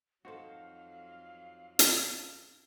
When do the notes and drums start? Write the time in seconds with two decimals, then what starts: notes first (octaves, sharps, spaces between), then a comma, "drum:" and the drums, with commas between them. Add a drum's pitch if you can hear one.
0.25 F2 F#3 D#4 F#4 A4 C5 F5
1.79 drum: hi-hat